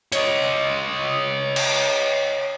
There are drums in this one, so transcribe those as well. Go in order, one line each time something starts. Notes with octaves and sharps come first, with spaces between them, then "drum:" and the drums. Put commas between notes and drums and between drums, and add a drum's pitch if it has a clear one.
C#5 D#5, drum: hi-hat
drum: cymbal